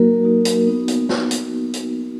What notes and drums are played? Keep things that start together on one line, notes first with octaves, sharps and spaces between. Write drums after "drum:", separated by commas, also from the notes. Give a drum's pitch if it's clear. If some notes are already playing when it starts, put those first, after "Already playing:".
Already playing: F#3 A#3 D#4 F#4 A#4
F#3 A#3 D#4 F#4
drum: hi-hat
B3 D#4 F#4
drum: hi-hat
B3, drum: snare
drum: hi-hat
drum: hi-hat